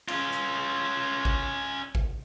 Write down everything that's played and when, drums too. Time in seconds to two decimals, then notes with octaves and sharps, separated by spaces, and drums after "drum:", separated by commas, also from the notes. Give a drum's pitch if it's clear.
0.08 C#4 F4, drum: cymbal
0.32 drum: hi-hat
1.25 drum: kick G#1
1.95 drum: kick G#1